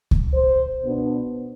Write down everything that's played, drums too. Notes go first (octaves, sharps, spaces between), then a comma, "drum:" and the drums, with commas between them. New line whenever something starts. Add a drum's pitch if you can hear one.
drum: kick C#2
C5
B2 B3 D4